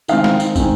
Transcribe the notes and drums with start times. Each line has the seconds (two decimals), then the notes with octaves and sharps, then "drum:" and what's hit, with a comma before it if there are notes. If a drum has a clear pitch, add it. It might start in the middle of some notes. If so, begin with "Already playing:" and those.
0.08 D#3 G#3 C4 F5, drum: tambourine
0.24 drum: snare
0.40 drum: tambourine
0.56 D#3 G#3 C4, drum: kick, tambourine